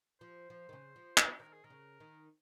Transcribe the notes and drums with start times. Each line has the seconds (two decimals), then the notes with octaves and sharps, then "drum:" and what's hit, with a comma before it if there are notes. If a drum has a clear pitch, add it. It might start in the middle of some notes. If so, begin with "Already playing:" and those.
0.20 F3 C5
0.50 F3 C5
0.69 D#3
0.73 C#3
0.96 F3
1.18 drum: clap
1.40 D#3 A#4
1.52 G#4
1.64 D#3 A#4
1.70 C#3
2.00 D#3